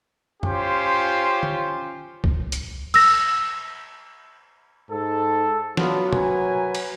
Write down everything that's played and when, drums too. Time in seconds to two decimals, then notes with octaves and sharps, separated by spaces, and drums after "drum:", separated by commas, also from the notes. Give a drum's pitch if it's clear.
0.43 C#4 F4 G4 C5, drum: tom F#2
1.43 drum: tom D3
2.24 drum: kick C2
2.52 drum: hi-hat
2.94 E6 A#6, drum: cymbal
4.90 G#2 A4
5.77 F#3 B3 D4 F4, drum: snare
6.13 A#4 B4 G#5, drum: tom
6.75 drum: cymbal